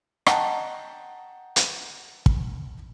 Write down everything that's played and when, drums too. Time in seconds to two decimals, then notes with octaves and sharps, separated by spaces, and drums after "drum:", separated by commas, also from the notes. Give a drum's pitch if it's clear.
0.26 D#5 F#5 G5 A5 A#5, drum: rim click
1.56 drum: hi-hat
2.26 drum: kick